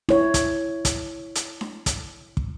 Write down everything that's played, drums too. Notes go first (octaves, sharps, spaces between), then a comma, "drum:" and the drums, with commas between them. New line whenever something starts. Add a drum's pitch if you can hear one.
E4 C#5, drum: snare D4
drum: kick, hi-hat
drum: kick, hi-hat
drum: hi-hat
drum: snare D4
drum: kick, hi-hat
drum: kick